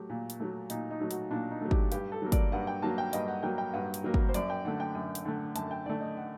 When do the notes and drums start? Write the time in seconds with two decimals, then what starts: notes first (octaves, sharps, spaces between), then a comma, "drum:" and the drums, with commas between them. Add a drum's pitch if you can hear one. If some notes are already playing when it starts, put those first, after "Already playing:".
Already playing: F#3 A3 G4
0.10 A#2
0.30 drum: hi-hat
0.40 F#3 A3
0.70 A#2 D#4, drum: hi-hat
0.91 D#4
1.00 F#3 A3
1.11 F#4, drum: hi-hat
1.31 A#2 D4
1.51 D#4
1.61 F#3 A3
1.71 G4, drum: kick
1.92 G2 G4, drum: hi-hat
2.12 A4
2.22 F#3 A#3
2.32 D5, drum: kick, hi-hat
2.52 G2 F#5
2.67 G5
2.82 F#3 A#3 A5
2.98 G5
3.13 G2 D#5, drum: hi-hat
3.28 F#5
3.43 F#3 A#3 G5
3.58 G5
3.73 G2 F#5
3.94 drum: hi-hat
4.04 F#3 A#3
4.14 drum: kick
4.29 C5
4.34 F#2 D5, drum: hi-hat
4.50 G5
4.65 D3 A3 F#5
4.80 G5
4.95 F#2
5.15 drum: hi-hat
5.25 D3 A3
5.56 F#2 A5, drum: hi-hat
5.71 G5
5.86 D3 A3 D5
6.01 D#5
6.17 F#5